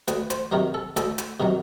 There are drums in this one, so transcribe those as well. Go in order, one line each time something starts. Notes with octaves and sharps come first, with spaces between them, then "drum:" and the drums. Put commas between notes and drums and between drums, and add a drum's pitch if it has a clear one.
D2 B4, drum: hi-hat
C5, drum: hi-hat
C3 D#3 F#3 A#4
A4
D2 A4, drum: hi-hat
drum: hi-hat
C3 D#3 F#3